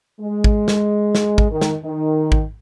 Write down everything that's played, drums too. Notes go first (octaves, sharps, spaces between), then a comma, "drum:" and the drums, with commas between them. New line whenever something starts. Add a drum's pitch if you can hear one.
G#3
drum: kick
drum: snare
drum: snare
drum: kick
D#3
drum: snare
D#3
drum: kick